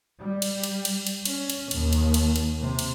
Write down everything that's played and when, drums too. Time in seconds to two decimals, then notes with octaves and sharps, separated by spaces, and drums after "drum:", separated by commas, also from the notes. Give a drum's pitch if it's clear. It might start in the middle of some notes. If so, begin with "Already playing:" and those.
0.20 G3
0.42 drum: cymbal
0.64 drum: cymbal
0.85 drum: cymbal
1.07 drum: cymbal
1.25 C#4, drum: cymbal
1.50 drum: cymbal
1.71 D#2, drum: cymbal
1.93 drum: cymbal
2.14 drum: cymbal
2.36 drum: cymbal
2.60 C3
2.79 drum: cymbal